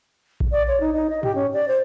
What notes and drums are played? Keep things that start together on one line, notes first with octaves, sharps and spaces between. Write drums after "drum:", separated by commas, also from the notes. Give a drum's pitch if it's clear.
drum: kick A#1
D5
C#5
D#4
D#4
D#5
G4, drum: tom
C#4
D5
C5